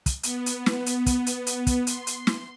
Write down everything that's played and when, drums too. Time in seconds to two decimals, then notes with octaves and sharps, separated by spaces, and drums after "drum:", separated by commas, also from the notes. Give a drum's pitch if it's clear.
0.06 drum: kick, hi-hat
0.23 B3, drum: hi-hat
0.46 drum: hi-hat
0.66 drum: snare
0.86 drum: hi-hat
1.06 drum: kick, hi-hat
1.26 drum: hi-hat
1.47 drum: hi-hat
1.67 drum: kick, hi-hat
1.87 C6, drum: hi-hat
2.07 drum: hi-hat
2.27 drum: snare